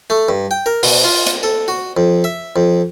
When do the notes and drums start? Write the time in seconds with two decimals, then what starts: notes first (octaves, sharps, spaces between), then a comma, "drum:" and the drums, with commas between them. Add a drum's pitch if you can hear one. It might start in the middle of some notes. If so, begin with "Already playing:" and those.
0.10 A3
0.29 G2
0.51 G5
0.66 A#4
0.83 B2, drum: open hi-hat
1.04 F4
1.27 drum: hi-hat
1.43 A4
1.68 F#4
1.97 F2
2.24 E5
2.56 F2